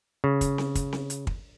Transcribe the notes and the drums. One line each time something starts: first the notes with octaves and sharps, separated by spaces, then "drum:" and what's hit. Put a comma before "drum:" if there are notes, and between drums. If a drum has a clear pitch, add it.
C#3
drum: kick, hi-hat
drum: snare C4
drum: kick, hi-hat
drum: snare C4
drum: hi-hat
drum: kick